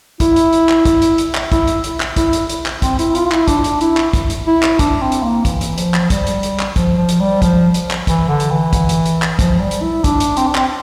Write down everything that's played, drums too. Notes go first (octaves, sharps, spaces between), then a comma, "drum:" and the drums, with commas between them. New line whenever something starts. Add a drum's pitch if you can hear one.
E4, drum: kick, hi-hat
drum: hi-hat
drum: hi-hat
drum: clap
drum: kick, hi-hat
drum: hi-hat
drum: hi-hat
drum: clap
E4, drum: kick, hi-hat
drum: hi-hat
drum: hi-hat
drum: clap
E4, drum: kick, hi-hat
drum: hi-hat
drum: hi-hat
drum: clap
C4, drum: kick, hi-hat
E4, drum: hi-hat
F4, drum: hi-hat
F4
E4, drum: clap
D4, drum: kick, hi-hat
drum: hi-hat
E4, drum: hi-hat
drum: clap
drum: kick, hi-hat
drum: hi-hat
E4
drum: clap
D4, drum: kick, hi-hat
C4
drum: hi-hat
A#3
E3, drum: kick, hi-hat
drum: hi-hat
F3, drum: hi-hat
drum: clap
G3, drum: kick, hi-hat
drum: hi-hat
drum: hi-hat
drum: clap
F3, drum: kick, hi-hat
F3
drum: hi-hat
G3
F3, drum: kick, hi-hat
drum: hi-hat
drum: clap
E3, drum: kick, hi-hat
D3
drum: hi-hat
E3
drum: kick, hi-hat
drum: hi-hat
drum: hi-hat
drum: clap
F3, drum: kick, hi-hat
G3
drum: hi-hat
E4
D4, drum: kick, hi-hat
drum: hi-hat
C4, drum: hi-hat
D4
C4, drum: clap